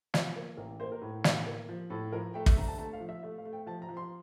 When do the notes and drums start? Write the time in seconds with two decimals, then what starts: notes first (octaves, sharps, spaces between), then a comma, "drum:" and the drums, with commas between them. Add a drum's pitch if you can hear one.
0.14 F3, drum: snare
0.36 A#3
0.57 A1 A#4
0.80 A#3 C5
0.92 A#4
1.02 A2
1.24 A2, drum: snare
1.47 A#3
1.69 F3
1.90 A2 A4
2.12 F3 A#4
2.34 A3 G5
2.46 E5, drum: kick
2.56 D3 A#5
2.68 A5
2.78 A3 A5
2.93 F5
3.00 F3
3.09 E5
3.23 A3 E5
3.38 F5
3.45 A3
3.53 G5
3.67 F3 A5
3.82 A#5
3.89 F3
3.97 C6